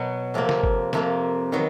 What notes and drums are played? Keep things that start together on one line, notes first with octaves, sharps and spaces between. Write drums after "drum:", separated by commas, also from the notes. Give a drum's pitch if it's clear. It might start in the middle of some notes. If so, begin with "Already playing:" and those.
Already playing: B2 F#3 B3
F2 C3 F3 A#3
drum: snare
drum: kick
F2 C3 F3 A#3, drum: snare
D#3 F#3 B3